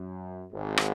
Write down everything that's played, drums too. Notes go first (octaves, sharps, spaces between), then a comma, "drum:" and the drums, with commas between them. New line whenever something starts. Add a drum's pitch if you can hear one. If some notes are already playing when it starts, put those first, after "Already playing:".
Already playing: F#2
G#1 G#2
drum: rim click